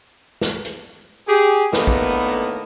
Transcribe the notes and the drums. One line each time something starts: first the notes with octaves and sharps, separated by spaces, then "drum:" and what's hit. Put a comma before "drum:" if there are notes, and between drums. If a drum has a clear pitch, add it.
drum: snare
drum: hi-hat
G4 G#4
A2 D3 D#3 A#3 B3, drum: snare
drum: kick A#1